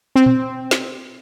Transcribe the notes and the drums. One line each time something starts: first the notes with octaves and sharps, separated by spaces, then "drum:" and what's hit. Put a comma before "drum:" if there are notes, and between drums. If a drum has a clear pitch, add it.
C4
drum: tom A#2
drum: snare